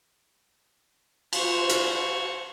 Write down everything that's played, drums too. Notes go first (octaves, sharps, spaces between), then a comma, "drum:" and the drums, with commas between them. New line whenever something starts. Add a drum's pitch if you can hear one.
F3 C5 C#6, drum: cymbal
drum: hi-hat